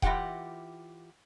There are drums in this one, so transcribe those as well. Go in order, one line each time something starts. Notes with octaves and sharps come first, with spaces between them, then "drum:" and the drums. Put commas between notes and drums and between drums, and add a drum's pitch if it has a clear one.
E3 F4 G4 F#5 G5, drum: kick D#1